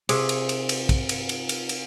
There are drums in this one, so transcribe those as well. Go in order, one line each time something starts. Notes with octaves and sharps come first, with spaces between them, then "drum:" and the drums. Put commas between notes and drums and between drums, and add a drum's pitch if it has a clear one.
C3 G#4, drum: cymbal
drum: cymbal
drum: cymbal
drum: cymbal
drum: kick, cymbal
drum: cymbal
drum: cymbal
drum: cymbal
drum: cymbal